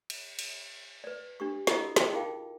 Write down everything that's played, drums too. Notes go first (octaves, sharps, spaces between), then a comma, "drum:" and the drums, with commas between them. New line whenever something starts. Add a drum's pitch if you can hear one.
drum: cymbal
drum: cymbal
B4 D5
D4 G4 C#6
E4 F#4 A4 D#5 B5 E6, drum: snare
D#5 G5 A5, drum: snare
D#4 F4 G#4 A#4 F5 G5